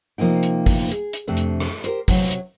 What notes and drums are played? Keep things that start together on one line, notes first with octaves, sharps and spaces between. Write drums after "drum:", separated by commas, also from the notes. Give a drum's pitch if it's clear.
C3 F3 A#3 D#4 G5
drum: hi-hat
drum: kick, open hi-hat
G#4, drum: hi-hat
drum: hi-hat
F2 C3 A3 C4 D4
drum: hi-hat
drum: rim click
G4 A#4 C5, drum: hi-hat
C3 F#3, drum: kick, open hi-hat
drum: hi-hat